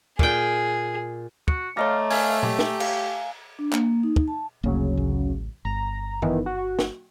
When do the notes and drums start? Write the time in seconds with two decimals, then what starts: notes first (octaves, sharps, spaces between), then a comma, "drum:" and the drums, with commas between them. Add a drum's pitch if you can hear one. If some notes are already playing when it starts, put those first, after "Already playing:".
0.19 A#2 G#4 G5, drum: kick
1.48 F#4 C#7, drum: kick
1.77 A3 C#5 D#5 F5 A#5 D6
2.10 E5 F5 G#5, drum: open hi-hat
2.43 G4, drum: tom A#2
2.59 drum: snare
2.80 F5, drum: cymbal
3.59 D4
3.72 A#3, drum: clap
4.03 D#4
4.16 drum: kick
4.28 A5
4.63 G1 D2 C#3 F#3 A#3
4.97 A1
5.65 G1 A#5
6.22 D#3 E3 B3, drum: tom F#2
6.46 F#4
6.79 drum: snare